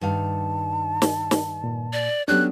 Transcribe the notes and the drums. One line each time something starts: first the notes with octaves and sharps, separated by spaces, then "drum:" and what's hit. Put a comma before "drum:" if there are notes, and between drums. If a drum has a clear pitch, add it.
G2 D#3 F5 A5
drum: snare
drum: snare
A#2
D5
F#3 B3 C#4 D4 G4 A4 C#5 F#6